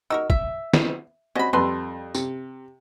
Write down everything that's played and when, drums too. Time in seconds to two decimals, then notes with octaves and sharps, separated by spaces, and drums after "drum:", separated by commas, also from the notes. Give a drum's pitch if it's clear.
0.10 D#4 F#4 A#4 E6
0.30 E5, drum: kick
0.73 drum: snare
1.35 C4 C#4 F#4 D#5 B5
1.53 F2 G3 A4 B4 C6
2.15 C3, drum: tambourine